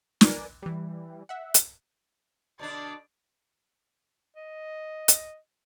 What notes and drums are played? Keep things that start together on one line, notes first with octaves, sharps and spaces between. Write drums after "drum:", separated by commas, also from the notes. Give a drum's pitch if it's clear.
A#4 B4 D5 G#5, drum: snare
E3 G3
E5 F#5
drum: hi-hat
B2 D3 D4 D5
D#5
drum: hi-hat